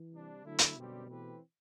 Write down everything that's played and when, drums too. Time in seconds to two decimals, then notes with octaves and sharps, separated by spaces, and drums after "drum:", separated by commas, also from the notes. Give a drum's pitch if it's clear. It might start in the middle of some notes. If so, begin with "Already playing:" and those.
Already playing: E3
0.13 C3 G3 D4
0.44 D3 F#3 A3 E4
0.59 drum: hi-hat
0.76 F#2 B2 D3 G3 C4 G4
1.08 E3 A3 C4 G4 B4